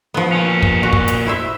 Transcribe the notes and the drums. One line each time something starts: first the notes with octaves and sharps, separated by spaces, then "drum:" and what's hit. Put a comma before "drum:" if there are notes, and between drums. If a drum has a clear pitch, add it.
F3 B3
A#2 C#4
drum: kick
F#4
drum: kick
drum: hi-hat
E4 C5 E5